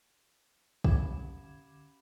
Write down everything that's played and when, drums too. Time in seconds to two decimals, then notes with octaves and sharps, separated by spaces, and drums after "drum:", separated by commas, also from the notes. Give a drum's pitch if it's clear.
0.84 D3 C#4 B5 D6 G#6 E7, drum: kick